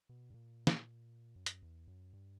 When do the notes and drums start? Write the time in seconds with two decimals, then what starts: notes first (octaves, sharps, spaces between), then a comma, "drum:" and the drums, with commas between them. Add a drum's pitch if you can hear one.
0.09 B2
0.30 G2
0.34 A#2
0.67 drum: snare
1.36 F#2
1.46 drum: hi-hat
1.62 E2
1.88 F#2
2.13 G2